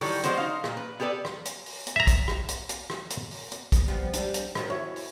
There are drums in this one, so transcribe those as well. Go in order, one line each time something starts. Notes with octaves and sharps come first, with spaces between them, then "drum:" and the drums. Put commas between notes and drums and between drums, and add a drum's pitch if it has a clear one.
D#3 E3 F#3 G3 A4, drum: open hi-hat
F3 G#3 B3 F#4 C5, drum: hi-hat
D#4 F5
A#2, drum: rim click
B4
B3 G4 A4 B4 D5
drum: rim click
drum: hi-hat
drum: open hi-hat
drum: hi-hat
E5 A#5
drum: kick, hi-hat
drum: rim click
drum: hi-hat
drum: hi-hat
drum: rim click
drum: hi-hat
drum: open hi-hat
drum: hi-hat
drum: kick, hi-hat
F3 G3 B3 G4
G3 D4, drum: hi-hat
drum: hi-hat
D#3 F3 F#3 D#5, drum: rim click
E4 F#4 C#5
drum: open hi-hat